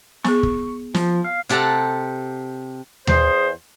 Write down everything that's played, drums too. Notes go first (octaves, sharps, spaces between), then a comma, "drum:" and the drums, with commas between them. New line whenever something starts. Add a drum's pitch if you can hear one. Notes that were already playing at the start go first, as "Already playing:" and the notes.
B3 G#4 C#6, drum: snare
drum: kick
F3, drum: snare
F5
C3 G4 A4 F#5 A5 A#5
E2 G#4 C5, drum: tom D#2